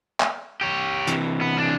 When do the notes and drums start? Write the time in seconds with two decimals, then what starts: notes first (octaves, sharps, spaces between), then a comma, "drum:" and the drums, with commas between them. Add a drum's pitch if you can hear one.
0.20 drum: clap
0.61 G4 C#5
1.07 C3 E3, drum: hi-hat
1.41 B3
1.58 D4 G#4